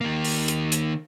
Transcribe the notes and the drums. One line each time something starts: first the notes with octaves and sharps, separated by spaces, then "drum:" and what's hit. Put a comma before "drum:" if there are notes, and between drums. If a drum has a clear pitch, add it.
D#3 A#3
drum: open hi-hat
drum: hi-hat
drum: hi-hat